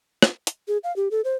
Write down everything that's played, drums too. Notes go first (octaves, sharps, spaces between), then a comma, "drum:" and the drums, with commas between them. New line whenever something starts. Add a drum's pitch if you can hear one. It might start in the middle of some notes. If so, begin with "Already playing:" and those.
drum: rim click
drum: hi-hat
G#4
F5
G4
A4
C5